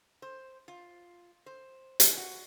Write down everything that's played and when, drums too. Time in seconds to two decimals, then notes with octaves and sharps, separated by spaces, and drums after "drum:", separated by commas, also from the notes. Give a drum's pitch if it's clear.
0.22 C5
0.68 F4
1.46 C5
2.00 G#4, drum: hi-hat
2.17 F#4